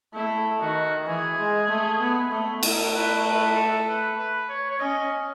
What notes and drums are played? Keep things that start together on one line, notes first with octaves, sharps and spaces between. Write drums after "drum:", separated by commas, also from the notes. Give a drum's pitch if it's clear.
A3 E4
D#3 F#4
E3 G#4
G#3
A3
B3
A3
A3, drum: cymbal
B4
B4
A4
B4
B4
C#5
C#5
C#4 D#5